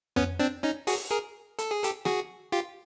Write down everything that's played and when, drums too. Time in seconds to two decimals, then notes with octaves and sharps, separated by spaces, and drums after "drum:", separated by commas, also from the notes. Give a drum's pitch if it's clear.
0.16 B3 C#4, drum: tom F2
0.39 C4 D4
0.63 C#4 D#4
0.87 F#4 G#4, drum: open hi-hat
1.11 G#4 A#4
1.59 A4, drum: hi-hat
1.71 G#4
1.84 G4 A4, drum: hi-hat
2.05 F#4 G#4, drum: rim click
2.52 F4 G4